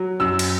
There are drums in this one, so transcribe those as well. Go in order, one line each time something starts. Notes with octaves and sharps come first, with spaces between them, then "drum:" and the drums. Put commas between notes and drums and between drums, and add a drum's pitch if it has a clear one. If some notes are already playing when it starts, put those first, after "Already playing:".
Already playing: F#3
F#2 E6
drum: cymbal